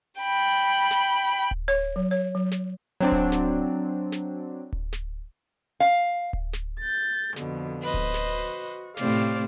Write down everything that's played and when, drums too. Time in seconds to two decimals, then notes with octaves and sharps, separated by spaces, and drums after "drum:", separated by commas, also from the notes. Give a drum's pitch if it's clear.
0.20 G5 B5
0.91 drum: snare
1.51 drum: kick D1
1.68 C#5
1.96 F#3
2.11 C#5
2.35 F#3
2.52 drum: snare
3.00 F#3 C4 D4
3.12 drum: kick D1
3.32 drum: snare
4.12 drum: snare
4.72 drum: kick D1
4.93 drum: snare
5.80 F5
6.33 drum: kick D1
6.53 drum: snare
6.80 G6 A6
7.36 F2 B2 D3, drum: snare
7.82 B4 C5 D#5
7.94 drum: kick D1
8.14 drum: snare
8.25 F#4
8.97 A2 C3 A3 C5 D5 F5, drum: snare